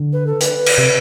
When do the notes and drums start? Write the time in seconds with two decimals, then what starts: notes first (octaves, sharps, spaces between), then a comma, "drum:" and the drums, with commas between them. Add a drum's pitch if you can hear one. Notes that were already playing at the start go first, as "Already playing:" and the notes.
Already playing: D3
0.13 B4
0.27 A4
0.40 B4, drum: hi-hat
0.66 drum: cymbal
0.78 C3